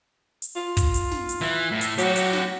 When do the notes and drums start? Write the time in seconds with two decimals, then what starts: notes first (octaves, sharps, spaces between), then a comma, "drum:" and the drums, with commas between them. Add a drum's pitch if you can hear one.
0.42 drum: hi-hat
0.56 F4
0.77 drum: kick, hi-hat
0.94 drum: hi-hat
1.11 drum: snare
1.29 drum: hi-hat
1.41 E3
1.72 A2
1.81 drum: hi-hat
1.98 F#3 F#4 G4, drum: hi-hat
2.16 drum: hi-hat
2.33 drum: snare